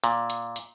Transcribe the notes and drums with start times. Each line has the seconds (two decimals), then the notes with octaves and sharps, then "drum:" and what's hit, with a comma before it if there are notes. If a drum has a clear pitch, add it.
0.04 A#2, drum: hi-hat
0.30 drum: hi-hat
0.56 drum: hi-hat